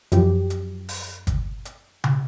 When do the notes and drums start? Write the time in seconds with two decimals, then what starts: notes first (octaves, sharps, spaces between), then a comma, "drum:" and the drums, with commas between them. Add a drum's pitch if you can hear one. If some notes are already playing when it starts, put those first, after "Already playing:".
0.12 F#2 F3 G4, drum: hi-hat
0.50 drum: hi-hat
0.89 drum: open hi-hat
1.27 drum: kick, hi-hat
1.65 drum: hi-hat
2.04 drum: tom C3